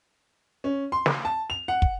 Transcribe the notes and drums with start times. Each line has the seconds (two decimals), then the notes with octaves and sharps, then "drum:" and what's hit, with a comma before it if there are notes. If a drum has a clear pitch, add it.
0.64 C#4
0.92 C6
1.06 drum: snare
1.25 A5
1.50 F7
1.68 F#5
1.82 drum: kick